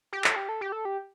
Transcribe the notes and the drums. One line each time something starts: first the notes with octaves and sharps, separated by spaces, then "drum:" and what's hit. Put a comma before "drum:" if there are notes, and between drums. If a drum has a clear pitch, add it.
G4
A4, drum: clap
G4
A4
G4
A4
G4